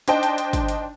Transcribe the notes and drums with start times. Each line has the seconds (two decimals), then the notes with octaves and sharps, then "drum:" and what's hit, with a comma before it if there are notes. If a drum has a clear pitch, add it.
0.08 D4 D#4 C5 D#5 G5 A5, drum: hi-hat
0.23 drum: hi-hat
0.38 drum: hi-hat
0.53 drum: kick, hi-hat
0.69 drum: hi-hat